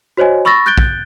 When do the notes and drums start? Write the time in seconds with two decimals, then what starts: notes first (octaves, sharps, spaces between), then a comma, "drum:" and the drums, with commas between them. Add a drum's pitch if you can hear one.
0.17 F#4 C5 C#5 D#5 G#5
0.45 B5 C#6 E6 A6 A#6
0.66 F#6 G6 A6 D7 G7
0.78 drum: kick